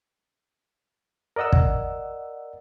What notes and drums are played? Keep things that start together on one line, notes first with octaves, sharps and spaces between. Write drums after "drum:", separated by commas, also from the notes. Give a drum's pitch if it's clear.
A#4 D5 D#5 F#5 E6
drum: kick